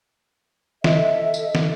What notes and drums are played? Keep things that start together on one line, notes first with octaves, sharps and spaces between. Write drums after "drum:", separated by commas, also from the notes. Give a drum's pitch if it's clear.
A4 D#5 E5, drum: snare
drum: tambourine
drum: snare